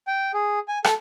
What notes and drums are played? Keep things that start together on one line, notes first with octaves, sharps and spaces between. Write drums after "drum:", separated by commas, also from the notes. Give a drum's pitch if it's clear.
G5
G#4
G#5
A4, drum: rim click